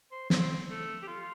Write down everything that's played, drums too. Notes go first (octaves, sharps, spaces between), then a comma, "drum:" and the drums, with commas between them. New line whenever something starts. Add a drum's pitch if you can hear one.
C5
C4, drum: snare
A3
G4
F4